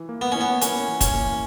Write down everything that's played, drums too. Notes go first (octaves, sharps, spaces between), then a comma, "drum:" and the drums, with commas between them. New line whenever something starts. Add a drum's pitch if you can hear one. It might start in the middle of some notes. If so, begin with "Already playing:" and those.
Already playing: E3
A#3
B3
C#4 E4
B3
C#4 A#4, drum: hi-hat
E3
C#4, drum: kick, hi-hat
A#3